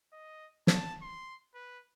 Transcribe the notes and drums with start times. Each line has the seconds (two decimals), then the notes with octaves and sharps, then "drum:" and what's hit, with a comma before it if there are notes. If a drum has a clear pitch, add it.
0.13 D#5
0.67 A5, drum: snare
1.02 C6
1.54 B4